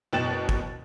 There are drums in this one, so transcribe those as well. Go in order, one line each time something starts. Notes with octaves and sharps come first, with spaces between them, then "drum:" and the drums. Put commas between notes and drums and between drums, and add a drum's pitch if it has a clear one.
F#1 B2 G5 F#6 A6 E7
drum: kick